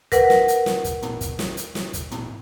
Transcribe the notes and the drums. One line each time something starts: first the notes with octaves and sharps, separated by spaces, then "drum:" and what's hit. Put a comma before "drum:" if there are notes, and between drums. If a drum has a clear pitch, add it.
A#4 B4 F#5, drum: kick, hi-hat
drum: snare
drum: hi-hat
drum: snare
drum: kick, hi-hat
drum: tom
drum: kick, hi-hat
drum: snare
drum: hi-hat
drum: snare
drum: kick, hi-hat
drum: tom